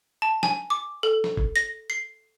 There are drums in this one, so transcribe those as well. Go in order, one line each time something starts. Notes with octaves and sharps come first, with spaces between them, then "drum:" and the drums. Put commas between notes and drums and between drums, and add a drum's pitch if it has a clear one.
A5
G#5, drum: snare
D6
A4
drum: snare
drum: kick F#1
A#6, drum: hi-hat
C7